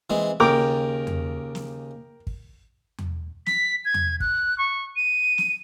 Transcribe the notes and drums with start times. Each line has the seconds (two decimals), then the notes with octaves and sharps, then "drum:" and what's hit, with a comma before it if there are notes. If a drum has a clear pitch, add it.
0.10 E3 G#3 C4
0.40 D#2 C#3 A#4 G5 D6
1.07 drum: tom E2
1.55 drum: snare
2.27 drum: kick
2.98 drum: tom E2
3.46 B6, drum: snare
3.85 G#6
3.94 drum: tom E2
4.20 F#6, drum: kick
4.58 C#6
4.96 D#7
5.38 drum: snare